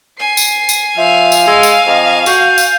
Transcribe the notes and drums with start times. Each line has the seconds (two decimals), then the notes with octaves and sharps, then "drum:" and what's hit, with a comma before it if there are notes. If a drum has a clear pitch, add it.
0.19 G#5 C7
0.37 drum: tambourine
0.69 drum: tambourine
0.97 F3 E5 F5
1.32 drum: tambourine
1.47 G#3 E6
1.63 drum: tambourine
1.86 F2 D#5
2.26 F#4 G6, drum: tambourine
2.58 drum: tambourine